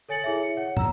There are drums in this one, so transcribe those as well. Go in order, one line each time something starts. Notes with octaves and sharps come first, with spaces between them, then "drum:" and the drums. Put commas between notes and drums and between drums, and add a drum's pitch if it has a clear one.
A4 C#5 G#5 A6 C#7 F#7
E4 G#4 C#5 E5
C#7
C#5 F#5
A#5 E6, drum: tom